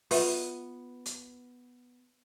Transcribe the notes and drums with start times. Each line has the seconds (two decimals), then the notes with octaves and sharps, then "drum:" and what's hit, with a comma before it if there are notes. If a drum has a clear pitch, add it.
0.11 B3 F4 B4 E5, drum: open hi-hat
1.06 drum: hi-hat